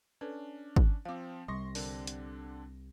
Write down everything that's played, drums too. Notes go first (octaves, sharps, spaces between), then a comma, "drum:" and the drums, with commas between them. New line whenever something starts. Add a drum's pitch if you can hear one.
C#4 D4 A4 B4
drum: kick G#1
F3 C4 F5 D6
C2 C3 G3 C6 C#6 A#6
D3 C4 D4 A#4, drum: open hi-hat
drum: hi-hat